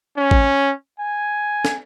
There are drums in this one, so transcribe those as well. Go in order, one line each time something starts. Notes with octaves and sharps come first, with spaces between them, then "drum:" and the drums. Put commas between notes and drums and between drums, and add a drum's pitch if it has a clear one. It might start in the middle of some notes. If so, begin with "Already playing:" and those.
C#4
drum: kick A1
G#5
drum: snare